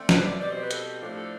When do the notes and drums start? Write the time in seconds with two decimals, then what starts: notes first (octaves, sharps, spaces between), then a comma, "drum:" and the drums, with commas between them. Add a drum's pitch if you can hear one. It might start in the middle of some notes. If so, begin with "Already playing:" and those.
Already playing: D3 A3 C4
0.09 B4, drum: snare
0.16 C5
0.24 D5
0.39 B2 G3 C4 D5
0.49 C5
0.61 B4
0.71 A4, drum: hi-hat
1.01 A2 F3 A3 D4 G4
1.16 A4